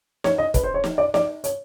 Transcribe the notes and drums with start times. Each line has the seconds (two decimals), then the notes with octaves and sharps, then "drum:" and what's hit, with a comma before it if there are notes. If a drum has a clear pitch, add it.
0.24 C#5, drum: snare
0.38 D#5
0.54 B4, drum: kick, hi-hat
0.64 C5
0.74 C#5
0.84 drum: snare
0.98 D5
1.14 D5, drum: snare
1.44 C#5, drum: hi-hat